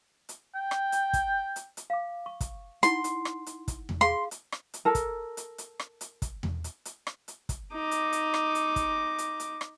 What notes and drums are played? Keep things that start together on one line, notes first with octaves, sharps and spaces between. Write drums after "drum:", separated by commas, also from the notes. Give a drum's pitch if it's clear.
drum: hi-hat
G5
drum: rim click
drum: hi-hat
drum: kick, hi-hat
drum: hi-hat
drum: hi-hat
F5 D6
C#6
drum: kick, hi-hat
D#4 E4 F#5 C6, drum: hi-hat
drum: hi-hat
drum: rim click
drum: hi-hat
drum: kick, hi-hat
drum: tom E2
G#4 F5 C6
drum: hi-hat
drum: rim click
drum: hi-hat
A4 A#4
drum: kick, hi-hat
drum: hi-hat
drum: hi-hat
drum: rim click
drum: hi-hat
drum: kick, hi-hat
drum: tom E2
drum: hi-hat
drum: hi-hat
drum: rim click
drum: hi-hat
drum: kick, hi-hat
D#4 D6
drum: hi-hat
drum: hi-hat
drum: rim click
drum: hi-hat
drum: kick, hi-hat
drum: hi-hat
drum: hi-hat
drum: rim click